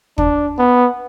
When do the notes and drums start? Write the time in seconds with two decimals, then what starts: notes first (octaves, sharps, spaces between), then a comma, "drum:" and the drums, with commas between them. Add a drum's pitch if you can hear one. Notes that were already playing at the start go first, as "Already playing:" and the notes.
0.18 D4, drum: kick
0.58 B3